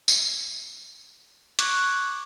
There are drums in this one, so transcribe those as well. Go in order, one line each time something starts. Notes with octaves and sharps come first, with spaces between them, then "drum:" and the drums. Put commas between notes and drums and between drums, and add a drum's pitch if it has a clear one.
drum: tambourine
C#6 D6 F#6 G#6, drum: hi-hat